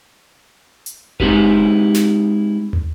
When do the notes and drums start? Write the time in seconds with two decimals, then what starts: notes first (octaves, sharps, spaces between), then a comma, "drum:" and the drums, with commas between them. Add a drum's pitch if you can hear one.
0.86 drum: hi-hat
1.20 G#3 C4 D#4 E4 G4 B4, drum: kick F#1
1.94 drum: snare
2.73 drum: tom